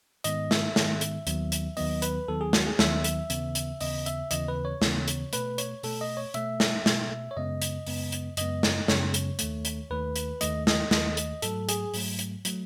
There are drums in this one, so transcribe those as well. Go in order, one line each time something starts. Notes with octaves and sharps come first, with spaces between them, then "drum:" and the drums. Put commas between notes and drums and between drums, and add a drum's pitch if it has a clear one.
G#2 D#3 G#3 B3 D#5, drum: hi-hat
E5, drum: snare
G#2 D#3 G#3 B3, drum: snare
drum: hi-hat
D#2 D#3 F#3 B3, drum: hi-hat
drum: hi-hat
D#2 D#3 F#3 B3 D#5, drum: open hi-hat
B4, drum: hi-hat
D#2 D#3 F#3 B3 A4
G#4
F#4, drum: snare
G#4
D#2 D#3 F#3 B3 E5, drum: snare
drum: hi-hat
D#2 C#3 E3 B3, drum: hi-hat
drum: hi-hat
D#2 C#3 E3 B3 D#5, drum: open hi-hat
E5, drum: hi-hat
D#2 C#3 E3 B3 D#5, drum: hi-hat
B4
C#5
D#2 C#3 E3 B3, drum: snare
drum: hi-hat
B2 A3 B4, drum: hi-hat
C#5, drum: hi-hat
B2 A3 A4, drum: open hi-hat
D#5
C#5
B2 A3 E5, drum: hi-hat
drum: snare
B2 A3, drum: snare
C#5
F#2 C#3 G#3 B3 D#5
drum: hi-hat
F#2 C#3 G#3 B3, drum: open hi-hat
drum: hi-hat
F#2 C#3 G#3 B3 D#5, drum: hi-hat
drum: snare
F#2 C#3 G#3 B3 C#5, drum: snare
drum: hi-hat
D#2 D#3 A3, drum: hi-hat
drum: hi-hat
D#2 D#3 A3 B4
drum: hi-hat
D#2 D#3 A3 D#5, drum: hi-hat
D#5, drum: snare
D#2 D#3 A3 D#5, drum: snare
drum: hi-hat
G#2 F#3 A3 A4, drum: hi-hat
G#4, drum: hi-hat
G#2 F#3 A3, drum: open hi-hat
drum: hi-hat
F#3 A3, drum: hi-hat